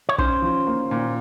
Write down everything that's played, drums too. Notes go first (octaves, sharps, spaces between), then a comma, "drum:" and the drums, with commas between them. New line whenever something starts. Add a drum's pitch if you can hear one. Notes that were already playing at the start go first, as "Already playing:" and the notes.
C#5
C#4 C5, drum: kick
F3
A#3
A#2